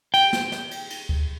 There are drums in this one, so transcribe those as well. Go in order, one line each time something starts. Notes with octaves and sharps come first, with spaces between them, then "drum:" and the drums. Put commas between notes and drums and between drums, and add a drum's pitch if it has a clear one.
G5, drum: cymbal
drum: snare
drum: snare
drum: cymbal
drum: cymbal
drum: kick D2